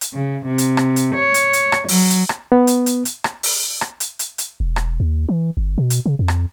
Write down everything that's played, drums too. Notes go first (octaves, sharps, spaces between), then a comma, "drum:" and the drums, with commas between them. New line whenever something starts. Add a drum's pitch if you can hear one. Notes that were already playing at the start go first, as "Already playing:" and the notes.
drum: hi-hat
C#3
C3
drum: hi-hat
drum: rim click
drum: hi-hat
C#5
drum: hi-hat
drum: hi-hat
drum: rim click
F#3, drum: open hi-hat
drum: hi-hat
drum: rim click
B3
drum: hi-hat
drum: hi-hat
drum: hi-hat
drum: rim click
drum: open hi-hat
drum: rim click
drum: hi-hat
drum: hi-hat
drum: hi-hat
E1
drum: rim click
D#2
E3
G1
B2
drum: hi-hat
C#3
F2
drum: rim click